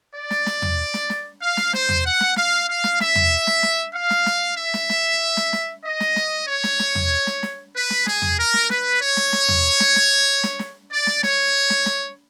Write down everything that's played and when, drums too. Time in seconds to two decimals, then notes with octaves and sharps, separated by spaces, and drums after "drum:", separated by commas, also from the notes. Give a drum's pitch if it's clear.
0.15 D5
0.31 drum: snare
0.46 drum: snare
0.62 drum: tom
0.94 drum: snare
1.10 drum: snare
1.41 F5
1.57 drum: snare
1.73 C5, drum: snare
1.89 drum: tom
2.05 F#5
2.20 drum: snare
2.36 F5, drum: snare
2.68 F5
2.84 drum: snare
3.00 E5, drum: snare
3.15 drum: tom
3.47 drum: snare
3.63 drum: snare
3.94 F5
4.10 drum: snare
4.26 drum: snare
4.57 E5
4.74 drum: snare
4.90 drum: snare
5.37 drum: snare
5.53 drum: snare
5.85 D#5
6.00 drum: snare
6.16 drum: snare
6.48 C#5
6.64 drum: snare
6.79 drum: snare
6.95 drum: tom
7.27 drum: snare
7.43 drum: snare
7.75 B4
7.90 drum: snare
8.06 G#4, drum: snare
8.22 drum: tom
8.38 A#4
8.54 drum: snare
8.70 B4, drum: snare
9.01 C#5
9.17 drum: snare
9.33 drum: snare
9.49 drum: tom
9.80 drum: snare
9.96 drum: snare
10.43 drum: snare
10.59 drum: snare
10.91 D5
11.07 drum: snare
11.23 C#5, drum: snare
11.70 drum: snare
11.86 drum: snare